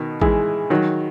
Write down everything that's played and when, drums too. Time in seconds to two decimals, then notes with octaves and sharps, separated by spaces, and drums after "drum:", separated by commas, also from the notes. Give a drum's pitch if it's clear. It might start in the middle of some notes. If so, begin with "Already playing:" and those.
Already playing: B2 D#3
0.21 E3 G#3, drum: kick
0.70 D#3 F#3